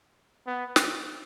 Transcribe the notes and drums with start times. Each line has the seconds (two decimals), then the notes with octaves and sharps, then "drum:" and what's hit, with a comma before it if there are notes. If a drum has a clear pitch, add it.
0.47 B3
0.76 drum: snare